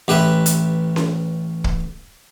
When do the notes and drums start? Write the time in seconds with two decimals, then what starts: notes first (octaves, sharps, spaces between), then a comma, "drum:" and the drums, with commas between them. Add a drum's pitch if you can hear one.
0.08 A1 G4 B4 E5
0.46 drum: hi-hat
0.96 drum: snare C#4
1.64 drum: kick